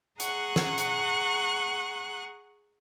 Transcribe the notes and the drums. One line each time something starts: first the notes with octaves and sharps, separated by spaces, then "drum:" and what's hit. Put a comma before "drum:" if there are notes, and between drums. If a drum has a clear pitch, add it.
G#4 F#5 A#5 C#6 F#6, drum: hi-hat
drum: snare
drum: hi-hat